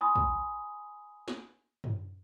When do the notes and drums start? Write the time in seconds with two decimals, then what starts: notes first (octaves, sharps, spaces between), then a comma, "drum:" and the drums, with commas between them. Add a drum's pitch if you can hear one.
0.01 G#5 B5 C6 D#6
0.15 drum: kick
1.28 drum: snare
1.84 drum: tom